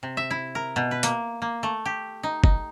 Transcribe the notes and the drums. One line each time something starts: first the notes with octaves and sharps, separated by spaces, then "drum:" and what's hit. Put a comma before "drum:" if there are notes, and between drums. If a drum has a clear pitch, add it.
C3
E5
E4
A#4
B2
B4
A#3, drum: hi-hat
A#3
A3
G4
D#4
D#4, drum: kick